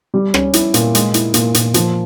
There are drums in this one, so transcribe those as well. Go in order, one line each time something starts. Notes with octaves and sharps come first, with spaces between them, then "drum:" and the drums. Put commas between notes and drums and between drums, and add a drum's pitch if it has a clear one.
G3
C#4, drum: rim click
E4, drum: hi-hat
A#2, drum: hi-hat
G#3, drum: hi-hat
E4, drum: hi-hat
A#2, drum: hi-hat
A#2, drum: hi-hat
F3, drum: hi-hat